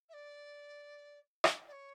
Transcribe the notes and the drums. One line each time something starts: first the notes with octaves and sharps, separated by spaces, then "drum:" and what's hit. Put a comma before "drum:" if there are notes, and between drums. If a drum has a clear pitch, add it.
E5
D5
drum: rim click
D5
C#5